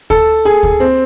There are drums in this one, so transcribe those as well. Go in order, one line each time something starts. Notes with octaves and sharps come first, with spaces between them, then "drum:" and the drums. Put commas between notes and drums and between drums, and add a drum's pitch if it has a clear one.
A4, drum: kick D2
G#4
drum: kick D2
C4